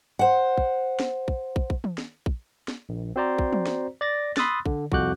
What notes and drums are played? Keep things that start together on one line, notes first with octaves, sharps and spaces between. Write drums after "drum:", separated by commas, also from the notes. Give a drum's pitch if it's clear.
C5 F#5
drum: kick
drum: snare
drum: kick
drum: kick
drum: kick
drum: tom
drum: snare
drum: kick
drum: snare
A#1
C4 F#4 C5 D5 A#5
drum: kick
drum: tom
drum: snare
D5 A6 A#6
B5 C6 D#6 E6 F#6 A6, drum: snare
D3, drum: kick
C2 F2 F#4 D6 F#6 G6, drum: kick